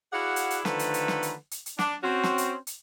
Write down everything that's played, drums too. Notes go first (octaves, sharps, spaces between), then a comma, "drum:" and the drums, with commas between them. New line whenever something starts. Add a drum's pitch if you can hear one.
E4 F#4 G#4 D5 F5 F#5
drum: hi-hat
drum: hi-hat
D3 D#3 F3 A3 B4, drum: snare
drum: hi-hat
drum: hi-hat
drum: snare
drum: hi-hat
drum: hi-hat
drum: hi-hat
D4, drum: snare
C4 C#4 F#4
drum: snare
drum: hi-hat
drum: hi-hat